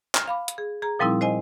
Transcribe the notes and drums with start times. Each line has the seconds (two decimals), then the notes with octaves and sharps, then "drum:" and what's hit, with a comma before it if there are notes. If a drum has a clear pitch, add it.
0.15 F6, drum: clap
0.28 F5 B5 D6
0.48 drum: hi-hat
0.58 G#4
0.82 G#4 A#5
0.99 A#2 F3 G3 C4 D#4 E4
1.21 C5 D#5 G#5